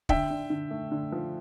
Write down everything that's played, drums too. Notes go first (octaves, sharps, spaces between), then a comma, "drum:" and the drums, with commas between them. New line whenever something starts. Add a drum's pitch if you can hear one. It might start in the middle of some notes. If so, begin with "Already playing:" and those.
D3 E5 G5, drum: kick
D3
D3
A3
D3
F3